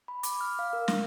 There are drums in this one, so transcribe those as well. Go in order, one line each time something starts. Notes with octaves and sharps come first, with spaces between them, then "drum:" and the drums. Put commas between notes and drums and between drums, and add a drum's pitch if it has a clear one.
B5
D6, drum: hi-hat
F6
F5
A#4
A#6, drum: snare